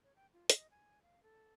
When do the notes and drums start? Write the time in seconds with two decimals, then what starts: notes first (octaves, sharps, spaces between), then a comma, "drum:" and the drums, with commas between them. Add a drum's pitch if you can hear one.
0.04 C#5
0.16 G5
0.33 F4
0.50 D#5, drum: hi-hat
0.71 G#5
1.03 F5
1.23 A4